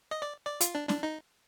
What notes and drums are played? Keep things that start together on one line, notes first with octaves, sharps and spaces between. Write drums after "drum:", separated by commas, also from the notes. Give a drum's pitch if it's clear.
D#5
D5
D5
F4, drum: hi-hat
D4
D4, drum: snare
D#4